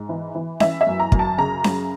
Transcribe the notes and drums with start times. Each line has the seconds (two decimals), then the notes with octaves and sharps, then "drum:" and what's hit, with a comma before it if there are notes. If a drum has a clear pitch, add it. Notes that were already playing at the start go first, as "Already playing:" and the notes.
Already playing: G#2
0.09 E3
0.35 E3
0.60 E3 E5, drum: snare C#4
0.81 E5
0.87 F#2
1.00 A#5
1.12 F#2, drum: kick
1.19 A5
1.38 C#3 A#5
1.64 F#2, drum: snare C#4